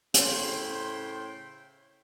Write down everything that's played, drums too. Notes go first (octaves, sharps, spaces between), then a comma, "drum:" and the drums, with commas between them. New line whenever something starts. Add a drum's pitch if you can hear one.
A2 C#3 C5 G5 C6, drum: hi-hat